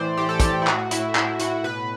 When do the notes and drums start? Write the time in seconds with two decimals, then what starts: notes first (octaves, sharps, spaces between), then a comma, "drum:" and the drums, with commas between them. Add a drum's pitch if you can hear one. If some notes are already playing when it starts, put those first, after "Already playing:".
Already playing: A2 E3 C5 D5
0.17 A2 G4
0.29 A4
0.40 A2 G4, drum: kick, hi-hat
0.62 E4
0.67 A2 F#4, drum: clap
0.91 A2 E4, drum: hi-hat
1.15 A2 E4, drum: clap
1.39 A2 F#4, drum: hi-hat
1.64 B2 B4